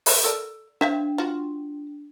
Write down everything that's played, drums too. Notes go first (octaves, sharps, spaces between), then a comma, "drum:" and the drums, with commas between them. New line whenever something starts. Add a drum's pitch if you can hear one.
drum: open hi-hat
A4 A#4 D5
D4 C5 E5 F5
F4 F#4